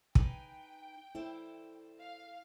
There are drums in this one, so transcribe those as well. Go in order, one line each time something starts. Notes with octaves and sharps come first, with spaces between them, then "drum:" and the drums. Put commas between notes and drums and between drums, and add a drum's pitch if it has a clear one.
D#4 B4 G5 G#5, drum: kick
E4 A4 C5 D5
F5